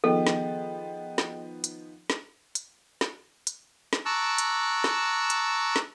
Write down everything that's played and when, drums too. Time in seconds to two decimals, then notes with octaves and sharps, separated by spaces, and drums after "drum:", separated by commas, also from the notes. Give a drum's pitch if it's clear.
0.04 D#3 F3 B3 G#4 A4 D#5 G5
0.27 drum: snare
1.18 drum: snare
1.64 drum: hi-hat
2.10 drum: snare
2.55 drum: hi-hat
3.01 drum: snare
3.47 drum: hi-hat
3.93 drum: snare
4.06 A5 A#5 C#6 D6 E6 F#6
4.38 drum: hi-hat
4.84 drum: snare
5.30 drum: hi-hat
5.76 drum: snare